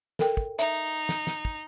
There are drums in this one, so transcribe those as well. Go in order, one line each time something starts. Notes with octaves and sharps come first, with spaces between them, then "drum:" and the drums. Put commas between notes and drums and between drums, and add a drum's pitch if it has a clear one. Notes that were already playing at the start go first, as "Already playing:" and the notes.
A4 A#4 G5, drum: snare
drum: kick
D#4 E5
drum: snare
drum: snare
drum: kick